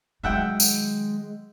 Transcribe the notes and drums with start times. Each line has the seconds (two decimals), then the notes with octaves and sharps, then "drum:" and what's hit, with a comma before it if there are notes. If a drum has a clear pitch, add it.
0.24 D#3 F#3 G#3 E5 F#5 G5
0.60 drum: tambourine